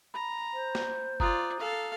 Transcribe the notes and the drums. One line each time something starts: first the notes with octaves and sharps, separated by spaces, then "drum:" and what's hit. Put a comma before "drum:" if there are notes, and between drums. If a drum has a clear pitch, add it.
A#5 B5
C5
drum: snare
F4 D5 A#5 D#6 F#6, drum: kick F#1
A4 F5